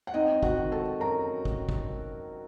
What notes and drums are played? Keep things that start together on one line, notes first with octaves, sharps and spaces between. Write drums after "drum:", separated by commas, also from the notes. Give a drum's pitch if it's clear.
F#5
C4 D#4 D#5
F#4 F#5, drum: kick
D#3
A4 A5
F#2 A#4 A#5
drum: kick
drum: kick